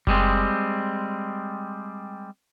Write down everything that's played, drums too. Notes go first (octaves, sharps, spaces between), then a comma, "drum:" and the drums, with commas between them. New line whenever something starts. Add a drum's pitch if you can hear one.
G3 G#3 C4, drum: kick F#1